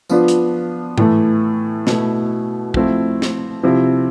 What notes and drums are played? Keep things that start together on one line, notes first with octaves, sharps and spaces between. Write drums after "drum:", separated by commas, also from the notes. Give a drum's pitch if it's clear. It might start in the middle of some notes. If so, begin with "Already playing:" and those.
F3 B3 D4 F4, drum: tambourine
drum: hi-hat
A2 E3 A3, drum: tom G#2
B2 A3 E4, drum: snare
F3 A3 C4 E4, drum: kick
drum: snare
C3 F3 C4 E4